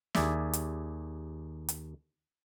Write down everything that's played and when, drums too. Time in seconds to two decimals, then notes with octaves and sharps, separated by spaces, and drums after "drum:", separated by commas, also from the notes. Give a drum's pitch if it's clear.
0.15 D#2 G#4 D5 E5, drum: snare
0.53 drum: hi-hat
1.69 drum: hi-hat